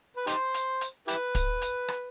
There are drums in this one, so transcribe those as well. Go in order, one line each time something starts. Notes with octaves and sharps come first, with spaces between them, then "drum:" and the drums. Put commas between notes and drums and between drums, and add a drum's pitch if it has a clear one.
B4
D#4 G4 C5, drum: hi-hat
drum: hi-hat
drum: hi-hat
E4 G4 B4, drum: hi-hat
drum: kick, hi-hat
drum: hi-hat
drum: rim click